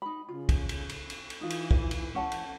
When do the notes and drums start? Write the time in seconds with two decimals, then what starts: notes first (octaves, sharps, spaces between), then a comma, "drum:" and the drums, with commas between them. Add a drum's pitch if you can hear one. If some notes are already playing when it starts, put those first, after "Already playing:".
0.02 D#4 B5
0.29 C#3 F4
0.49 drum: kick, cymbal
0.69 drum: cymbal
0.89 drum: cymbal
1.10 drum: cymbal
1.30 drum: cymbal
1.41 E3 D#4 F4
1.50 drum: cymbal
1.71 drum: kick
1.91 drum: cymbal
2.15 C#4 F#5 A5
2.32 drum: cymbal